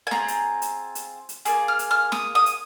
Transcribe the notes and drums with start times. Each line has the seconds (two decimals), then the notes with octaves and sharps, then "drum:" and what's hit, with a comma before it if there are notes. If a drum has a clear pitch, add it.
0.07 G#5
0.11 C4 F4 G#4 A#5, drum: snare
0.28 drum: hi-hat
0.62 drum: hi-hat
0.95 drum: hi-hat
1.29 drum: hi-hat
1.45 A#3 F4 G#4, drum: hi-hat
1.68 F6
1.79 drum: hi-hat
1.91 F6
2.12 D#6, drum: snare
2.35 D#6
2.46 drum: hi-hat